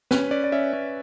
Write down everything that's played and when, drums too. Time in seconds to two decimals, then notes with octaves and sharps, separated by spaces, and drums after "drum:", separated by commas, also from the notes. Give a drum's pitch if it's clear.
0.11 C#4 B4, drum: snare
0.31 C#4 D5
0.44 D5
0.52 C#4 E5
0.73 C#4